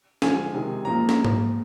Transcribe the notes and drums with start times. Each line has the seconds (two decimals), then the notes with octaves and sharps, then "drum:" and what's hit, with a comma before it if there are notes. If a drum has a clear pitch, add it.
0.22 D3 F3 G#3 G#5, drum: snare
0.54 C3 D#3 G#3
0.85 A#2 F3 G#3 A#5
1.09 drum: snare
1.25 drum: tom G#2